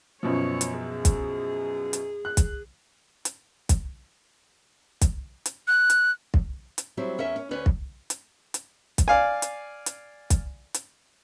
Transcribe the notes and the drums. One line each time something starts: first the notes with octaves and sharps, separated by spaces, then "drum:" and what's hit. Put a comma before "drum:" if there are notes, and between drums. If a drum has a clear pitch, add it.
F#2 B2 F3 C#5
drum: hi-hat
G#4
drum: kick, hi-hat
drum: hi-hat
F#6
drum: kick, hi-hat
drum: hi-hat
drum: kick, hi-hat
drum: kick, hi-hat
drum: hi-hat
F#6
drum: hi-hat
drum: kick
drum: hi-hat
F#3 G3 C4 E4
E2 C#4 A#4 E5
C#4
D2 C#4 B4 D5
drum: kick
drum: hi-hat
drum: hi-hat
drum: kick, hi-hat
D5 F5 G#5
drum: hi-hat
drum: hi-hat
drum: kick, hi-hat
drum: hi-hat